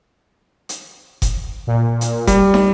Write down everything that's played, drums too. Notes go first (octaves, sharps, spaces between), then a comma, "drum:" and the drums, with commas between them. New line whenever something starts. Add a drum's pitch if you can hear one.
drum: hi-hat
drum: kick F1, hi-hat
A#2
drum: hi-hat
G3, drum: kick F1, hi-hat
drum: snare